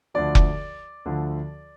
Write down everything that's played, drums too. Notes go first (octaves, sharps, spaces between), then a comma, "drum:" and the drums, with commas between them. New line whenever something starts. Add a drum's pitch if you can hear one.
D2 D3 F3 D5
drum: kick F1
D2 D3 F3